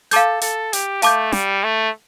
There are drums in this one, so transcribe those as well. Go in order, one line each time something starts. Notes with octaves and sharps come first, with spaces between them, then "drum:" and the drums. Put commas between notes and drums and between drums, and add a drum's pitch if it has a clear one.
A4 F5 A5 D6 G6, drum: hi-hat
A4, drum: hi-hat
G4, drum: hi-hat
A3 F5 A5 D6 G6, drum: hi-hat
G3, drum: snare
A3